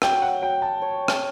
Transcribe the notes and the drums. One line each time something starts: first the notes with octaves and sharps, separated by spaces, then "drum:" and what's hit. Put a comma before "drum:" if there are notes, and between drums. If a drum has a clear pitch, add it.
F#3 G5, drum: rim click
F#5
F#3 G5
A5
C#5
drum: rim click